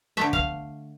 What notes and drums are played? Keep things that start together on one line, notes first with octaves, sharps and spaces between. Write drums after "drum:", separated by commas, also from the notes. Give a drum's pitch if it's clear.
D3 A3 E5
F5, drum: kick